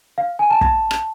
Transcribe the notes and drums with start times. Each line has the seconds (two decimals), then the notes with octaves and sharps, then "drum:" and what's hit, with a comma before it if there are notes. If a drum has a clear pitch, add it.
0.18 F5
0.39 G#5
0.50 A5
0.61 A5, drum: kick
0.91 drum: rim click